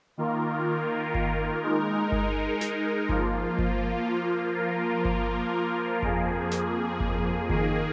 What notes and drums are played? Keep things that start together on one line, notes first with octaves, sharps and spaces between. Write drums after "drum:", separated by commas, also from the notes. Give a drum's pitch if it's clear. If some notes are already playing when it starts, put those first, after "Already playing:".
D#3 A#3 F4 A#4
drum: kick G1
G#3 D#4 A#4
drum: kick G1
drum: snare
F3 A#3 F4, drum: kick G1
drum: kick G1
F3 A#3 F4 A#4
drum: kick G1
F2 F3 A#3 G#4, drum: kick G1
drum: snare
drum: kick G1
D#3 A#3 G#4, drum: kick G1